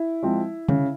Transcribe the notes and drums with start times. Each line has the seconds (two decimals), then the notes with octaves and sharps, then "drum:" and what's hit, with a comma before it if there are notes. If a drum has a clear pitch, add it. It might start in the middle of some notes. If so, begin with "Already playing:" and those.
Already playing: E4
0.23 F3 G#3 C4
0.69 C#3, drum: tom D3